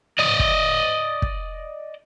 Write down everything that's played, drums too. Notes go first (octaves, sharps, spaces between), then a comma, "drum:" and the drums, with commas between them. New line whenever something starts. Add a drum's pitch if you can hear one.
D5 D#5
drum: kick
drum: kick